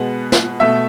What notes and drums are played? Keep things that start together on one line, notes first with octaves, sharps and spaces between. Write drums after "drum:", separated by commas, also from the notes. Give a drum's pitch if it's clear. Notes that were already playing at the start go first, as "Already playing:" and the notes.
Already playing: B2 G#3 B3 F#5
drum: snare
B2 A3 E5